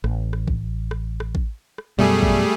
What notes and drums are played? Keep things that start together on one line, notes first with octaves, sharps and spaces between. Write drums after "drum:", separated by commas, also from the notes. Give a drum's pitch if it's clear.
A1, drum: rim click
drum: rim click
drum: kick A1
drum: rim click
drum: rim click
drum: kick A1
drum: rim click
F#2 B2 G3 A3 G#4
drum: kick A1